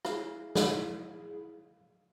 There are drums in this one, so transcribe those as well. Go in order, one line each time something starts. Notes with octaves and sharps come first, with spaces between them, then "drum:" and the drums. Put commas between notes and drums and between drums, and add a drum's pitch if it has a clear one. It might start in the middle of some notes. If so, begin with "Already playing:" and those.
E4 G#4 F5, drum: rim click
drum: snare